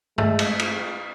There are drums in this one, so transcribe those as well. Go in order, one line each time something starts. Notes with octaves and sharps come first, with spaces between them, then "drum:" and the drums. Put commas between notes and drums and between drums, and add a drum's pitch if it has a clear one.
G#3 A3, drum: tom
drum: cymbal
drum: cymbal